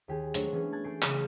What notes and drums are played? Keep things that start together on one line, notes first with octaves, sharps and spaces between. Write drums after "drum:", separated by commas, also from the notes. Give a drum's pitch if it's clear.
D#2 G4 G#4
F#3 G#3 A3 D4 C5 C#5, drum: hi-hat
E3 B3 C#4 G#4
A5 F#6 G#6 A6
A3 G#4 D6 G6 C7 D7
C#3 F#3, drum: clap